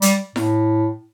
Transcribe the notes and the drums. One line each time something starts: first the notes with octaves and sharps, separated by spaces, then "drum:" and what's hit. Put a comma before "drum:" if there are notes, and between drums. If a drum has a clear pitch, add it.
G3, drum: hi-hat
A2, drum: snare E4